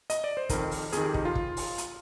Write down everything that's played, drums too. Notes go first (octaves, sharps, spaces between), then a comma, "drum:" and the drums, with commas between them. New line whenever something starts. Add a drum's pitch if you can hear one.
D#5, drum: hi-hat
D5
C5
F2 D#3 A#4, drum: kick, hi-hat
drum: open hi-hat
F2 D#3 G#4, drum: hi-hat
G4
D#4, drum: kick
F4
drum: kick
drum: open hi-hat
drum: hi-hat